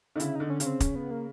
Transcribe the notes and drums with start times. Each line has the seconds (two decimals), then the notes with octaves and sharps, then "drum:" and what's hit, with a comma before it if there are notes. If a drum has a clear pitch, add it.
0.16 D3 D#4
0.20 C#3 E4, drum: hi-hat
0.35 D3 D#4
0.50 C#4
0.60 C#3 C#4, drum: hi-hat
0.66 C4
0.80 C#4, drum: kick, hi-hat
0.95 B3
1.11 A#3